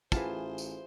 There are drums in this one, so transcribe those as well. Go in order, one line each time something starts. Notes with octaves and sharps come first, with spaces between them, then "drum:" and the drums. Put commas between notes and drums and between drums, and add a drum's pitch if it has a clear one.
A1 E3 F4 G#4 C5 F#5 A5, drum: kick, tambourine
drum: tambourine